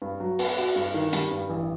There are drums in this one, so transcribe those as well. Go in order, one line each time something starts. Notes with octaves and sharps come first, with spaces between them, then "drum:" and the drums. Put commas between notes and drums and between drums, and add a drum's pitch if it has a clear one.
G2
F#3
B3, drum: open hi-hat
F#4
G2
D#3
G3, drum: hi-hat
G2
A1